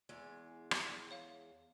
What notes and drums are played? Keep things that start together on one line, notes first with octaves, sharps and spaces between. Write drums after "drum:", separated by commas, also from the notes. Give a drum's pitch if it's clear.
E2 G#3
drum: rim click
C#5 F5